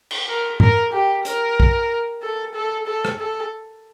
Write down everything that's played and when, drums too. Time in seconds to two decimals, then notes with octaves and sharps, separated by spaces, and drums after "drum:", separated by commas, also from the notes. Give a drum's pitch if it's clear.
0.11 drum: cymbal
0.28 A#4
0.60 A#4, drum: tom G#2
0.93 G4
1.25 A#4, drum: hi-hat
1.60 drum: kick
2.22 A4
2.54 A4
2.87 A4
3.05 drum: rim click
3.19 A4